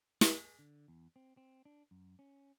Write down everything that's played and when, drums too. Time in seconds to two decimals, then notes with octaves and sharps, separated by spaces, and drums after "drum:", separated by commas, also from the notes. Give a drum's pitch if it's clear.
0.21 G#4, drum: snare
0.59 D3
0.88 E2
1.16 C4
1.37 C4
1.65 D4
1.91 F#2
2.19 C#4